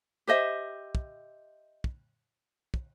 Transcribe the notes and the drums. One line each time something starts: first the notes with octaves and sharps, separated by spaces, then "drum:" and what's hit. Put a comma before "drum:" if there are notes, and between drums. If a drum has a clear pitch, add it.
G4 C5 D#5 E5
drum: kick
drum: kick
drum: kick